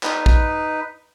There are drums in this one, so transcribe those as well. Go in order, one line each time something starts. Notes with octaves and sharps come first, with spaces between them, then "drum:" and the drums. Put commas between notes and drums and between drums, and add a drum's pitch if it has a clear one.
D#4 B4, drum: clap
drum: kick